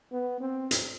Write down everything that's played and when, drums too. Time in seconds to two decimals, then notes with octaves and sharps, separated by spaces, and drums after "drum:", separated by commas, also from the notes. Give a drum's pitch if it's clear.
0.12 B3
0.41 C4
0.71 drum: hi-hat